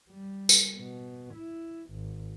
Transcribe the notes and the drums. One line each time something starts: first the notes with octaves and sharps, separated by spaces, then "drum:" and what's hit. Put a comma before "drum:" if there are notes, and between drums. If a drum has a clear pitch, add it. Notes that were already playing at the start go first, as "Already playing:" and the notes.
G3
drum: tambourine
B2
E4
G#1